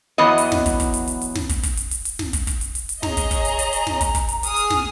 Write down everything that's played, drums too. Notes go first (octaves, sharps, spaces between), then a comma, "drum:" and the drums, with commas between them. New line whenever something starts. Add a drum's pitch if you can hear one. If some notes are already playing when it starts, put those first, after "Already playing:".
E2 F#3 B3 D#5
drum: hi-hat
drum: snare
drum: kick, hi-hat
drum: kick, hi-hat
drum: hi-hat
drum: hi-hat
drum: hi-hat
drum: snare
drum: kick, hi-hat
drum: kick, hi-hat
drum: hi-hat
drum: hi-hat
drum: hi-hat
drum: snare
drum: kick, hi-hat
drum: kick, hi-hat
drum: hi-hat
drum: hi-hat
drum: hi-hat
G#4 C#5 D#5 A#5, drum: snare
drum: kick, hi-hat
drum: kick, hi-hat
drum: hi-hat
drum: hi-hat
drum: hi-hat
drum: snare
drum: kick, hi-hat
drum: kick, hi-hat
drum: hi-hat
G#4 D#6 F6, drum: hi-hat
drum: hi-hat
drum: snare